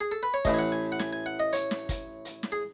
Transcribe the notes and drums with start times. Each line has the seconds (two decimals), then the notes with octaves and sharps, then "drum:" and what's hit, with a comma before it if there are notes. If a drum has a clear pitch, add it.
0.01 G#4
0.12 A4
0.23 B4
0.34 C#5
0.45 A1 A2 E3 D#5, drum: kick, hi-hat
0.54 G#5
0.59 F#5
0.72 G#5
0.92 F#5
0.99 G#5, drum: snare
1.13 G#5
1.26 F#5
1.40 D#5
1.53 C#5, drum: hi-hat
1.71 drum: snare
1.89 drum: kick, hi-hat
2.25 drum: hi-hat
2.43 drum: snare
2.52 G#4